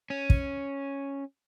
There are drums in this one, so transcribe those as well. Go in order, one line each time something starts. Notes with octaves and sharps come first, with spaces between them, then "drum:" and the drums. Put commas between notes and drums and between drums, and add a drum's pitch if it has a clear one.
C#4
drum: kick